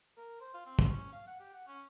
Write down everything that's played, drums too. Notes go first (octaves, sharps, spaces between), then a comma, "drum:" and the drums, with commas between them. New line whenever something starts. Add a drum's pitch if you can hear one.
A#4
C5
F4
C4
drum: kick
C#4
F5
F#5
G4
F#5
C#4